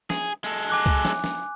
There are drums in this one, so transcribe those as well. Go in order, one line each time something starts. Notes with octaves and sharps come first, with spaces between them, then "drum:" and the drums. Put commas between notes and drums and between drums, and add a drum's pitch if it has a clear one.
G#4, drum: snare
G#3 A4
G#5 D6 F#6
drum: kick C2
drum: snare
drum: snare